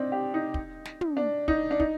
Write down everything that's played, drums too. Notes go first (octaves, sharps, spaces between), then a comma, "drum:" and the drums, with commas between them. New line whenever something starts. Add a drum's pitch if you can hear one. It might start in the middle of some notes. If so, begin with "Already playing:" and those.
Already playing: C4 D4 D#4
G4
D#4
drum: kick
drum: snare
drum: tom
D4
D#4, drum: kick
D4
D#4, drum: kick